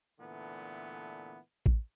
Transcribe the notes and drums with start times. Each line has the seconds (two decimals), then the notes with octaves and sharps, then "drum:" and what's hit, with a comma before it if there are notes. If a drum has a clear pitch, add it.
0.20 A#2 D3 E3 A3 B3
1.66 drum: kick A1